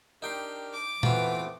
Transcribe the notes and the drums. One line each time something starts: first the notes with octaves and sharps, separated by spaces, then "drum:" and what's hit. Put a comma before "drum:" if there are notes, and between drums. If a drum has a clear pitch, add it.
D4 D#4 G4 A#4 G5 C6
D6
E3 A3 B3 C4 F4 F#4, drum: tom A#2